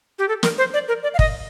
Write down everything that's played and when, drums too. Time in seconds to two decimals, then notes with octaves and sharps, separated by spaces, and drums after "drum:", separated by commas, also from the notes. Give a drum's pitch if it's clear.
0.19 G4
0.28 A4
0.43 A#4, drum: snare
0.58 C5
0.74 D5
0.88 A#4
1.03 D5
1.14 F5
1.19 D#5, drum: kick